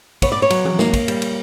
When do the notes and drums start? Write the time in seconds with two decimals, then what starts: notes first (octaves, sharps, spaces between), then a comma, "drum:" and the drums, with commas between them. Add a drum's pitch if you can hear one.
0.22 B3 C#5, drum: kick, cymbal
0.32 D5
0.42 C#5
0.50 F#3, drum: cymbal
0.65 drum: tom E3
0.79 A#3, drum: snare
0.93 drum: kick, cymbal
1.08 G3, drum: cymbal
1.22 drum: cymbal